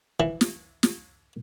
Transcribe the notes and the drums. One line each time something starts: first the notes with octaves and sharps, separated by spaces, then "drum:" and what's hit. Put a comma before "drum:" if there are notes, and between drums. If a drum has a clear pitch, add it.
E3
drum: snare
drum: snare